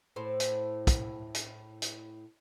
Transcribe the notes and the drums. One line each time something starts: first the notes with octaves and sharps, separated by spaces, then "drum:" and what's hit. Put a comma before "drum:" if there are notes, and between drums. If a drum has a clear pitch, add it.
A2 C5
drum: hi-hat
drum: kick, hi-hat
drum: hi-hat
drum: hi-hat